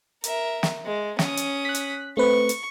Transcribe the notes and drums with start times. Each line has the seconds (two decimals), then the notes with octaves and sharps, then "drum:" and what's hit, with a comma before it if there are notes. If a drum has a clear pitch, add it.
0.24 A#4 E5, drum: hi-hat
0.63 drum: snare
0.85 G#3
1.19 C#4 D#6, drum: snare
1.37 drum: hi-hat
1.65 F#6 B6
1.75 drum: hi-hat
2.17 A3 C4 B4 C#6
2.49 drum: hi-hat